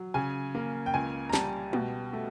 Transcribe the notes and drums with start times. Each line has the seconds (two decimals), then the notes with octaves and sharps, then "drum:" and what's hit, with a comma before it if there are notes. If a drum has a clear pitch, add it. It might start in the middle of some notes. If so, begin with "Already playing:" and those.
Already playing: F#3
0.14 C#3 G#5
0.55 A#3
0.86 G5
0.94 C#2 G#5
1.29 A#5
1.33 G3 A5, drum: snare
1.73 B2, drum: tom
2.13 A3